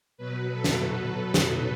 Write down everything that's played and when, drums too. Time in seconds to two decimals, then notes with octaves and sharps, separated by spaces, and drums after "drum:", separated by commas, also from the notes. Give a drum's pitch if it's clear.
0.18 B2 F#3 B4
0.53 A4
0.64 drum: snare
0.88 B4
1.34 drum: snare